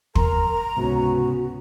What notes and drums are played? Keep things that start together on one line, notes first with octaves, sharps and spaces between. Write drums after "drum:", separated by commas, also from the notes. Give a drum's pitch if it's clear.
A#4 A#5 C6, drum: kick
C#2 G#2 C3 B3 C#4 F#4